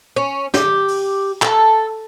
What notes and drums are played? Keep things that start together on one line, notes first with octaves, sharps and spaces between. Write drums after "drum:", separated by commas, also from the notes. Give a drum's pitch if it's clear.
C#4
G4, drum: snare
drum: open hi-hat
A4, drum: clap